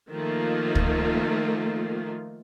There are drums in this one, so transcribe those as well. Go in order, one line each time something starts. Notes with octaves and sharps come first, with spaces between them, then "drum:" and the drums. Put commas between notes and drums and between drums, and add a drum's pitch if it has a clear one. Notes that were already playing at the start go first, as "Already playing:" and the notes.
D#3 F3 A3 A#3 F4
drum: kick